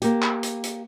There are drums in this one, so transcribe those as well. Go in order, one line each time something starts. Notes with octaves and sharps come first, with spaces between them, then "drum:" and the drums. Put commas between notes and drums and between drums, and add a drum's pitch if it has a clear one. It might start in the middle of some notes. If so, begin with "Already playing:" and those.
A#3 G4, drum: hi-hat
drum: clap
drum: hi-hat
drum: hi-hat